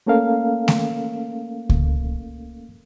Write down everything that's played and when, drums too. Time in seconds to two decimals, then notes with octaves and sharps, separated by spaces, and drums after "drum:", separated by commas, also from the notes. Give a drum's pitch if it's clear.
0.06 A3 A#3 C#4 A4 A#4 F5
0.68 drum: snare A3
1.69 drum: kick C#2